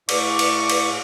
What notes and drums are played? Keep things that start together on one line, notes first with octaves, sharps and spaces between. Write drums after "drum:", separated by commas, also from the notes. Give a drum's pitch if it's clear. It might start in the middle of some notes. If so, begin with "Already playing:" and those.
A2 C#6 D6, drum: cymbal
drum: cymbal
drum: cymbal